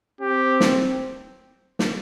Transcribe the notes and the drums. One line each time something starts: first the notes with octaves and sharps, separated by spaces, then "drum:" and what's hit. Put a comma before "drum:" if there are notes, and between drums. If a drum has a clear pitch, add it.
C4 G4
drum: snare
drum: snare